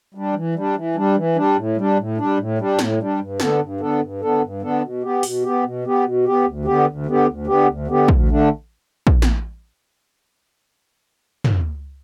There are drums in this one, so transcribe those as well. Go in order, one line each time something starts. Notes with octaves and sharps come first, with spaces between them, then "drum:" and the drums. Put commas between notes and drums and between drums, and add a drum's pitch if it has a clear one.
G3 D4
E3
G3 D4
E3
G3 D4
E3
G3 D4
A2
G3 D4
A2
G3 D4
A2
G3 D4
A2, drum: snare
G3 D4
G2
D3 B3 D4 A4, drum: snare
G2
D3 B3 D4 A4
G2
D3 B3 D4 A4
G2
D3 B3 D4 A4
B2
B3 G4
B2, drum: open hi-hat
B3 G4
B2
B3 G4
B2
B3 G4
D2
D3 B3 G4
D2
D3 B3 G4
D2
D3 B3 G4
D2
D3 B3 G4
D2, drum: kick
D3 A3 D4
drum: kick
drum: snare
drum: tom